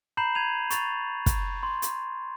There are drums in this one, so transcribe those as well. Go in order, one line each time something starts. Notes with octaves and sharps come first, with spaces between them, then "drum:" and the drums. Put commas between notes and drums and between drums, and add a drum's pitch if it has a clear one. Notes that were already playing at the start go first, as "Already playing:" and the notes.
A#5 B5 G6 C7 E7 F#7
B5 G#6 D#7 F7
C#6 A6 F7, drum: hi-hat
drum: kick, hi-hat
C6
drum: hi-hat